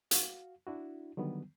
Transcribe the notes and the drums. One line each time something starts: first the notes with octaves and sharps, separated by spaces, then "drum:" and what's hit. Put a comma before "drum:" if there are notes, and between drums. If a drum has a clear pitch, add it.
F#4 F5, drum: hi-hat
D4 E4 F#4
D3 D#3 F#3 G3 B3